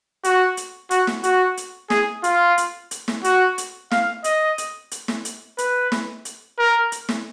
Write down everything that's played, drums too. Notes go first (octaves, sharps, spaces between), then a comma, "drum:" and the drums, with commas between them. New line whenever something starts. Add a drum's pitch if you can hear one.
F#4, drum: hi-hat
drum: hi-hat
F#4, drum: hi-hat
drum: snare
F#4, drum: hi-hat
drum: hi-hat
G#4, drum: snare
F4, drum: hi-hat
drum: hi-hat
drum: hi-hat
drum: snare
F#4, drum: hi-hat
drum: hi-hat
F5, drum: snare
D#5, drum: hi-hat
drum: hi-hat
drum: hi-hat
drum: snare
drum: hi-hat
B4, drum: hi-hat
drum: snare
drum: hi-hat
A#4
drum: hi-hat
drum: snare